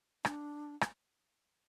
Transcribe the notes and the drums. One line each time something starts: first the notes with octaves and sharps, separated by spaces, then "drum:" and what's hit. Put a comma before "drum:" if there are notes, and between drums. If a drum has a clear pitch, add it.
D4, drum: rim click
drum: rim click